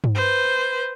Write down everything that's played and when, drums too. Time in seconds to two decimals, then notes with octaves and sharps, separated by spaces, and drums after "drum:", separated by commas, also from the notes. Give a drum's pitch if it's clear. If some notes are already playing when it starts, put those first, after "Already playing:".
0.04 drum: tom G2
0.15 B4 C5